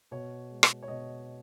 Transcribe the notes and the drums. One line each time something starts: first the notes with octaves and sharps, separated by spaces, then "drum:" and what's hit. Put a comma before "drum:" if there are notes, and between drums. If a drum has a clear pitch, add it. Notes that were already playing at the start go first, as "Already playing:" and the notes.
B2 C#5
G#3
drum: rim click
C#5
B2 D#5